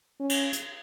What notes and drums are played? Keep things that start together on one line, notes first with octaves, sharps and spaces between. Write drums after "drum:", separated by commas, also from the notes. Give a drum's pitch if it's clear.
C#4
drum: cymbal
drum: hi-hat